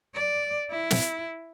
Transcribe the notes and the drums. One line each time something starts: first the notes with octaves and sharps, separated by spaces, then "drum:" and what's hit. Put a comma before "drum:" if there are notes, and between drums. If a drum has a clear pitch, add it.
D5
E4
drum: snare